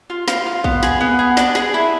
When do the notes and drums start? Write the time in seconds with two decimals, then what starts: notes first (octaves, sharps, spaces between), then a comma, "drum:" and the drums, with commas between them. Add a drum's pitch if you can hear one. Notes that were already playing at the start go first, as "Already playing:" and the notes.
0.10 F4
0.28 F4, drum: snare
0.46 F4
0.64 B3, drum: kick A#1
0.83 G#4, drum: snare
1.01 B3
1.19 G#4
1.37 D4, drum: snare
1.55 G#4, drum: snare
1.74 E4